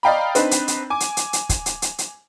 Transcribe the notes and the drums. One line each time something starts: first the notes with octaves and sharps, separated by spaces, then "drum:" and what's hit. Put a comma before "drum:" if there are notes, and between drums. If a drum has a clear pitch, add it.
D5 D#5 F5 G5 A#5 B5
C4 D4 D#4 B4, drum: hi-hat
drum: hi-hat
drum: hi-hat
G#5 D6
drum: hi-hat
drum: hi-hat
drum: hi-hat
drum: kick, hi-hat
drum: hi-hat
drum: hi-hat
drum: hi-hat